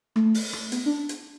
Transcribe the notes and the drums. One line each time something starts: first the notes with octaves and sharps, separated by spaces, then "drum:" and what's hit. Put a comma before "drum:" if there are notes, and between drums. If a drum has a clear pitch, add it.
A3, drum: rim click
drum: open hi-hat
drum: rim click
B3, drum: hi-hat
D4
drum: hi-hat